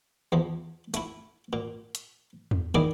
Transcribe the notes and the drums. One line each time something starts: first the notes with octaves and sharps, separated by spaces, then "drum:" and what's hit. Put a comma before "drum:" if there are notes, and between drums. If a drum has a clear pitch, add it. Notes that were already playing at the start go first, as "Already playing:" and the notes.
E2 F3
A3 E4, drum: hi-hat
A#2
drum: hi-hat
drum: tom E2
D#3 A#3 E4 G#4 D5